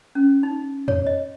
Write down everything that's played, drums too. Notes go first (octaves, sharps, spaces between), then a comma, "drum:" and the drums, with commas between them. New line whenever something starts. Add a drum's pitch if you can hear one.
C#4
D#4
C#5, drum: tom E2
D#5